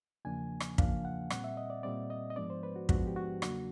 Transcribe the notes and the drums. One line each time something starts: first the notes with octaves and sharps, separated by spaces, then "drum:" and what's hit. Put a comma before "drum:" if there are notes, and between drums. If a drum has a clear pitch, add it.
E2 C#3 F3 A#3 D4 G#5
drum: rim click
E2 C#3 F3 A#3 D4 F5, drum: kick
F#5
A#2 G3 C4 F#5, drum: rim click
E5
D#5
D5
A#2 G3 C4 D5
D#5
D#5
G#2 F3 G#3 B3 D4 D5
C5
B4
F#4
G#2 F3 G#3 B3 D4 F#4, drum: kick
G4
F#4
E2 C#3 F#3 A#3 D4 F#4, drum: rim click